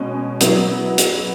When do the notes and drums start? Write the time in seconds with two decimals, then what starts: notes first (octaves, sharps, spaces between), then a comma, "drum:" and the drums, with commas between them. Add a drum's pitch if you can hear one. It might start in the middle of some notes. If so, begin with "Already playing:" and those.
Already playing: B2 G#3 C#4
0.40 F#3 B3 E4, drum: hi-hat
0.98 drum: hi-hat